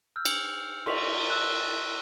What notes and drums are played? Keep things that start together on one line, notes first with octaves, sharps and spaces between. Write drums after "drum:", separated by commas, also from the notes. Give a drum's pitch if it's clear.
E6 F6 G6
drum: cymbal
C6 C#6 B6 F7 F#7, drum: cymbal
C6 E6 F#6 E7